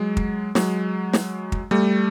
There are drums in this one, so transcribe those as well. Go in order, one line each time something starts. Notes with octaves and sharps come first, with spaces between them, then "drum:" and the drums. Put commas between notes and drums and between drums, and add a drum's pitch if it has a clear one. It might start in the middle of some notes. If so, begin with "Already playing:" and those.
Already playing: F#3 G#3
drum: kick
F#3 G#3, drum: snare
drum: snare
drum: kick
G3 A3